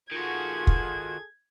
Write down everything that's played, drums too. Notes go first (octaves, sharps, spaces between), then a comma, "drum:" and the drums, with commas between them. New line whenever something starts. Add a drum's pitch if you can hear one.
D#3 F4 F#4 G#4 A4 G#6
drum: kick